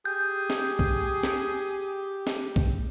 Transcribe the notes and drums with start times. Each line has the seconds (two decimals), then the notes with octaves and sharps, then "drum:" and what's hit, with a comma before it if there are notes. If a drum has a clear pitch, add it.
0.05 G4 G#4 G6
0.50 drum: snare
0.79 drum: kick B1
1.23 drum: snare
2.27 drum: snare
2.56 drum: kick B1